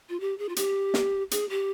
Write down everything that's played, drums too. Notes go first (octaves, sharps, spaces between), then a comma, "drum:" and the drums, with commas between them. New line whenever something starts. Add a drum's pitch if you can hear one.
F4
G4
G#4
F4
G4, drum: hi-hat
drum: snare
G#4, drum: hi-hat
G4